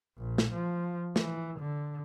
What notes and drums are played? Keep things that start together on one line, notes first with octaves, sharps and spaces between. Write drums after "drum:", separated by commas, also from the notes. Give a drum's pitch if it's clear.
A#1
drum: snare
F3
E3, drum: snare
D3